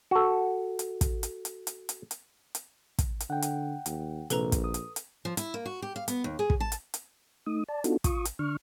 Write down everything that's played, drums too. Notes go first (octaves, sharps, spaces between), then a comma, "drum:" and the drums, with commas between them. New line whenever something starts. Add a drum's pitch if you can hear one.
F#4 A4
drum: hi-hat
drum: kick, hi-hat
drum: hi-hat
drum: hi-hat
drum: hi-hat
drum: hi-hat
drum: hi-hat
drum: hi-hat
drum: kick, hi-hat
drum: hi-hat
D3 F#5 G5
drum: hi-hat
D#2, drum: hi-hat
A#1 C3 A4 B4 A#5, drum: hi-hat
drum: kick, hi-hat
D#6
drum: hi-hat
drum: hi-hat
F3
E4, drum: hi-hat
A#3
F#4
G4
F5
B3, drum: hi-hat
D#2
G#4
drum: kick
A5
drum: hi-hat
drum: hi-hat
A3 D#4 D#6
D5 A5
B3 D4 D#4 F4 F#4 A4, drum: hi-hat
F4 C#6 D#6, drum: kick, hi-hat
drum: hi-hat
D3 D4 C#6 F6